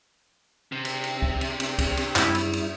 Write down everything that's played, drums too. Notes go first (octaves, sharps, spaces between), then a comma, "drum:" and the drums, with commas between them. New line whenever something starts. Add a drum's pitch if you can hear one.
C3
drum: cymbal
drum: cymbal
drum: kick C#2
drum: cymbal
drum: cymbal
drum: kick C#2, cymbal
drum: cymbal
F#2 G3 E4, drum: clap
drum: cymbal
drum: cymbal